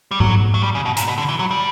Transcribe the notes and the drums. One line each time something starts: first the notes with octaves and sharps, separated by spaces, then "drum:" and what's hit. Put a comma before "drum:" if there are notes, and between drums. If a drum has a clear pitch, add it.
G3
F#3, drum: tom G#2
F#3
G3
C#3
B2
A#2, drum: hi-hat
B2
D3
E3
F#3
G3